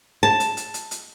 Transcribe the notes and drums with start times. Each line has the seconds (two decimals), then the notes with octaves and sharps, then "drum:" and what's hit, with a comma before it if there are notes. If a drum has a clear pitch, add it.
0.23 A5
0.40 drum: hi-hat
0.57 drum: hi-hat
0.74 drum: hi-hat
0.91 drum: hi-hat